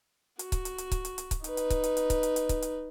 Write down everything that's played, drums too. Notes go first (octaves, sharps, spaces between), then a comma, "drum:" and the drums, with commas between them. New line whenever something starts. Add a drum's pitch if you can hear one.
F#4, drum: hi-hat
drum: kick C#1, hi-hat
drum: hi-hat
drum: hi-hat
drum: kick C#1, hi-hat
drum: hi-hat
drum: hi-hat
drum: kick C#1, hi-hat
D#4 B4, drum: hi-hat
drum: hi-hat
drum: kick C#1, hi-hat
drum: hi-hat
drum: hi-hat
drum: kick C#1, hi-hat
drum: hi-hat
drum: hi-hat
drum: kick C#1, hi-hat
drum: hi-hat